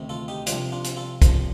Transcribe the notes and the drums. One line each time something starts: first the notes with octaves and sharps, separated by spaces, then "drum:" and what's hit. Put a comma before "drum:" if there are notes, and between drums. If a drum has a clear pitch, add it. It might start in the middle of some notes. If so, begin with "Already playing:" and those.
Already playing: D2 C3 D#3
F4 A4
D#4 G4
C2 C3 F3 D4 F4, drum: hi-hat
D4 F4
drum: hi-hat
F4 A4
C2 A#2 F3, drum: kick, hi-hat